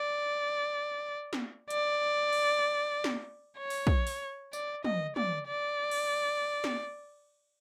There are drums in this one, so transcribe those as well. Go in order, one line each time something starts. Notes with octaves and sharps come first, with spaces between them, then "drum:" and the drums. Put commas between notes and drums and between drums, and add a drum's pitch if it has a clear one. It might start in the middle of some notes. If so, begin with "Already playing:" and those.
Already playing: D5
drum: snare
D5, drum: hi-hat
drum: cymbal
drum: snare
C#5
drum: open hi-hat
drum: kick
drum: open hi-hat
D5, drum: tambourine
D#5, drum: tom
D5, drum: tom
D5
drum: cymbal
drum: snare